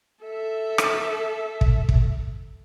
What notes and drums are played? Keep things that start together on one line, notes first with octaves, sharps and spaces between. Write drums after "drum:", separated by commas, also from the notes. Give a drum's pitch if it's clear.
A4 E5
drum: rim click
drum: kick
drum: kick